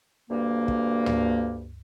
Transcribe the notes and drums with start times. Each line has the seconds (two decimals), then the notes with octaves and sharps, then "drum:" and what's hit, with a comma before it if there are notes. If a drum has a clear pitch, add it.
0.30 D2 G2 A#3
0.68 drum: kick
1.06 drum: tom